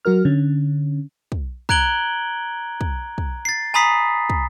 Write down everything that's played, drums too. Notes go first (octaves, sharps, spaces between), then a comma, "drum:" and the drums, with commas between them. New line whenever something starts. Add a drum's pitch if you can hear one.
F#3 F#4 A#4 F6
D3 C#4
drum: kick
A#5 F#6 G#6 D7 F#7 G7, drum: kick
drum: kick
drum: kick
A6 C7
G#5 A#5 B5 D#6 B6 C7
drum: kick